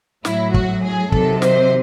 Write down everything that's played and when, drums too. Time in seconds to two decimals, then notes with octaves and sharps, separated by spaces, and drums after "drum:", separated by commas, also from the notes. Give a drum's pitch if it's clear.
0.25 A2 F#3 E4, drum: snare
0.54 F#4, drum: kick
0.84 G#4
1.12 C3 D#3 F#3 A4, drum: kick
1.42 C5, drum: snare